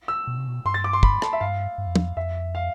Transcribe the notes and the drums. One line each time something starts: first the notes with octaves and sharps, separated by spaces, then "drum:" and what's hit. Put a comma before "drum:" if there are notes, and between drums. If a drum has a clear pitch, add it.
E6
B2
C3
B2
G2 C6
A6
D6
C6
B5, drum: kick
A5, drum: rim click
E5
G2 F5
G2
F2
E2, drum: tom
F2
F2 E5
F5